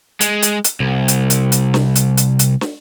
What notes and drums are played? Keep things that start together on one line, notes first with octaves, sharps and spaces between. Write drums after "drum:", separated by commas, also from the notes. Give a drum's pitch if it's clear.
G#3, drum: hi-hat
drum: hi-hat
drum: hi-hat
C2
drum: hi-hat
drum: hi-hat
drum: hi-hat
drum: snare
drum: hi-hat
drum: hi-hat
drum: hi-hat
drum: snare